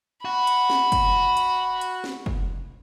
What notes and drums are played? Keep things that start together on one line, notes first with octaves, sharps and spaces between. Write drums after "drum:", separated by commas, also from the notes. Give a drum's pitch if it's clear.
F#4 B5
drum: hi-hat
drum: snare
drum: kick, hi-hat
drum: hi-hat
drum: hi-hat
drum: snare
drum: kick